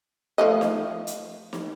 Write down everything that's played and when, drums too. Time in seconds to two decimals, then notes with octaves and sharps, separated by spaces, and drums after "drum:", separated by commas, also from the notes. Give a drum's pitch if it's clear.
0.38 F3 A3 D#5
0.61 drum: snare
1.07 drum: hi-hat
1.53 drum: snare